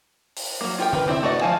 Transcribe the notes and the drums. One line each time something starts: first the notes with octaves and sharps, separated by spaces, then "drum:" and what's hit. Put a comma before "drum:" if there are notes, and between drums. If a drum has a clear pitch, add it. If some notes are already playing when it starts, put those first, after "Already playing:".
drum: open hi-hat
F#3 A#3
F4 G4 A#4 G5
G4 A#4 B4, drum: tom D3
C4 E4 D#5 E5
A3 B3 F#4 D5 D#5
F3 F5 G#5 A5